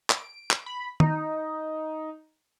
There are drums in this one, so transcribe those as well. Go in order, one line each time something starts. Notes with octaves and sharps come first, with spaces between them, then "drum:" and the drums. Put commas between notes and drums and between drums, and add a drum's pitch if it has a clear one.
D7, drum: clap
drum: clap
B5
D#4, drum: tom